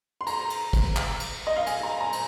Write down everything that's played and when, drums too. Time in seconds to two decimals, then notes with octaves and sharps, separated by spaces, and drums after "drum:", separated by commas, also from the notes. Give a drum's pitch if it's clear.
0.21 C6
0.27 A#5, drum: cymbal
0.50 drum: cymbal
0.73 drum: kick, cymbal
0.97 drum: clap
1.20 drum: cymbal
1.47 D#5
1.56 F5
1.66 G#5, drum: cymbal
1.83 A#5
2.01 A#5
2.13 drum: cymbal